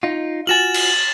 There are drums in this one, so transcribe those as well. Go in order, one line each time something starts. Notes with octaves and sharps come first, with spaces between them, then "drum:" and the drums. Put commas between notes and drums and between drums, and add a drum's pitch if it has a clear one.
D#4 F4
F4 F#4 G#5 A6 E7 F#7
drum: cymbal